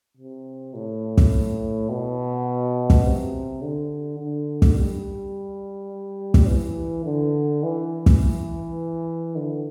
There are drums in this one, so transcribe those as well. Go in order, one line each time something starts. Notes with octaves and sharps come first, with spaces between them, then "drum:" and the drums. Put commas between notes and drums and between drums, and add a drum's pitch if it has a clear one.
C3
A2
drum: kick
B2
drum: kick
C3
D3
D3
drum: kick
G3
drum: kick
E3
D3
E3
drum: kick
D3